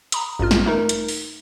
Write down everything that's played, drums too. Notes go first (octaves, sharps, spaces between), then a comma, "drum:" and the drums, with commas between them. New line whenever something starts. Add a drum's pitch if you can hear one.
A#5 B5 D#6, drum: hi-hat
A1 G2 F4 F6
drum: snare
A3 D#4 A#4
drum: hi-hat
drum: open hi-hat